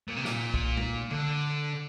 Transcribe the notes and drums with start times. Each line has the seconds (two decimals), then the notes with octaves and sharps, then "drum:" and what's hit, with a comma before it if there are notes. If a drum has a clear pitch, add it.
0.08 A#2
0.17 C3
0.25 A#2, drum: snare
0.54 drum: kick
0.77 drum: tom G#3
1.10 D3